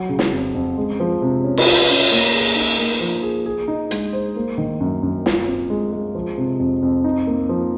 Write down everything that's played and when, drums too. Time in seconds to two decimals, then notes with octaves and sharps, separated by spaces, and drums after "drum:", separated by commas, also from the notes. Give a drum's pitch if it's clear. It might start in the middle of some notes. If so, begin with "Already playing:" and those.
Already playing: F#3
0.09 C#3
0.19 drum: snare
0.32 F2
0.55 F2
0.78 G#3
1.00 F3
1.22 C3
1.44 C#4
1.58 drum: cymbal
1.67 F4
1.90 C#4
2.12 A#3
2.34 G#4
2.56 D#4
2.78 A#3
3.01 F3
3.23 G#4
3.46 G#4
3.68 D#4
3.91 G#3, drum: hi-hat
4.13 C5
4.36 A#3
4.58 D#3
4.80 F#2
5.03 F#2
5.26 F4, drum: snare
5.48 C4
5.70 G#3
5.92 G#3
6.15 F3
6.38 C3
6.60 F2
6.82 F2
7.04 D#4
7.27 A#3
7.49 F3